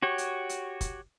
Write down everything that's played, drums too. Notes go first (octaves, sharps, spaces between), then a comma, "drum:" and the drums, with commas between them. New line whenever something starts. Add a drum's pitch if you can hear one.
F#4 G4 C#5
drum: hi-hat
drum: hi-hat
drum: kick, hi-hat